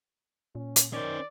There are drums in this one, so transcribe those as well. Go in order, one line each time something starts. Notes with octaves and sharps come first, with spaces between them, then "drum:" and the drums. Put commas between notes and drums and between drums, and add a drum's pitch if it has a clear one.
A#2 C#4
drum: hi-hat
D#3 C#4 C5 D5